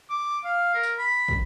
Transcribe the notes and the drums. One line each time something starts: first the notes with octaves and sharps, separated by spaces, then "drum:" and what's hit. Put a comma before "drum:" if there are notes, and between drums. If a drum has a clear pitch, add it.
D6
F5
A#4
drum: tambourine
B5
drum: kick